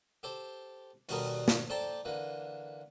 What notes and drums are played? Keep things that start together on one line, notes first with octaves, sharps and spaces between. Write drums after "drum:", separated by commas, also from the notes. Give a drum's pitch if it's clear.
G4 A4 C5
D#2 B2 G3 A4 A#4 D#6, drum: open hi-hat
drum: snare
A4 C5 D5 G5 A5 A#5
D3 E3 A#3